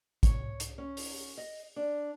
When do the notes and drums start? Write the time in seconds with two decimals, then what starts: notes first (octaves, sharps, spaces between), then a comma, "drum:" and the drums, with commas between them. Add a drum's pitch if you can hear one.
0.23 C#5, drum: kick, hi-hat
0.60 drum: hi-hat
0.78 C#4
0.97 drum: open hi-hat
1.38 D#5
1.76 D4